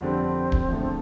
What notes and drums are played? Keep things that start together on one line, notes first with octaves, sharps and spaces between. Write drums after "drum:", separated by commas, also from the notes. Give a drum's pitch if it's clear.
G1 F2 D3 G3 C4 D4
drum: kick D1
E2 D3 F3 A3